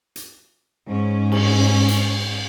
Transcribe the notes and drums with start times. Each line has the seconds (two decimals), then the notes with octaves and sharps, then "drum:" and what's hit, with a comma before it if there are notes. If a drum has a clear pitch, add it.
0.16 drum: hi-hat
0.89 G#2 C#4
1.32 drum: cymbal
1.88 drum: hi-hat